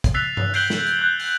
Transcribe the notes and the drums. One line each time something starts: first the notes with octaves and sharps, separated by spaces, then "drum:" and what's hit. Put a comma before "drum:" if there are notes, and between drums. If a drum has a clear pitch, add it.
drum: kick, hi-hat
E6 F#6 A6 B6 C7 F7
drum: tom G2
F#6 G6 C7 D7 F#7 G7, drum: open hi-hat
drum: snare
drum: hi-hat
F#6 G6 F#7
drum: open hi-hat